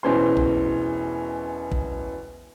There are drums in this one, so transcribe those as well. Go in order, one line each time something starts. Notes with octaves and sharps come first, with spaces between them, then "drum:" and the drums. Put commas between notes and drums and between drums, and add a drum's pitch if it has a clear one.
E1 B2 E3 C#4 C5 C6
drum: kick
drum: kick